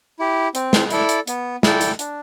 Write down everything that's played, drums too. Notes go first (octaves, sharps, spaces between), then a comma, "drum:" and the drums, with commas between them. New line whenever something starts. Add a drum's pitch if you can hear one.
E4 G4
C4, drum: hi-hat
drum: snare
E4 A4 D5, drum: hi-hat
drum: hi-hat
B3, drum: hi-hat
E4 A4 D5 G5, drum: snare
drum: hi-hat
D4, drum: hi-hat